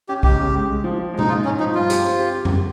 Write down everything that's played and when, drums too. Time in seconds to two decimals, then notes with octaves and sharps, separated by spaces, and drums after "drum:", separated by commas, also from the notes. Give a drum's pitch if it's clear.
0.09 C#4 G4
0.23 C#2 G4, drum: kick B1
0.39 C#3
0.54 G#3
0.69 G#3
0.84 F3
0.99 F3
1.14 G#3
1.19 D#4, drum: tom B2
1.29 G#2 F4
1.44 G#2 C#4
1.59 F3 D#4
1.75 G2 F4
1.90 G4, drum: hi-hat
2.05 C4
2.19 G4
2.34 G4
2.45 drum: tom F2